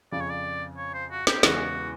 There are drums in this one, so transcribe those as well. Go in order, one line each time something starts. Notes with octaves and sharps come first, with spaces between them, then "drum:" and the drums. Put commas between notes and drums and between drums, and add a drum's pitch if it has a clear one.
F2 C#3 F3 D5
C#5
D5
C#5
C5
F#4
G4, drum: snare
E2 C#3 E3 G#3 F#4, drum: snare